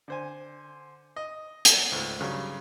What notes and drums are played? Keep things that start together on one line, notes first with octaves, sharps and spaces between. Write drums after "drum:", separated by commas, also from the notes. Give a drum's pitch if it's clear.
D3 C5 G#5
D#5
drum: hi-hat
C#2 G#2 A3
G2 C#3 F#3 G3